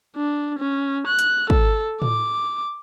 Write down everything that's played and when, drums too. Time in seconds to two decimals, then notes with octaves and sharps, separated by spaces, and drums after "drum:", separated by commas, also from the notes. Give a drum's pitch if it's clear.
0.16 D4
0.59 C#4
1.08 F#6
1.19 drum: hi-hat
1.50 A4, drum: kick
2.02 D6, drum: tom A2